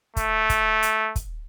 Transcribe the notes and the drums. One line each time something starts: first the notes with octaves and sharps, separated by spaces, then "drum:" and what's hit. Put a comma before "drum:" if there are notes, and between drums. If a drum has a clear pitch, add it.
A3, drum: kick, hi-hat
drum: kick, hi-hat
drum: hi-hat
drum: kick, hi-hat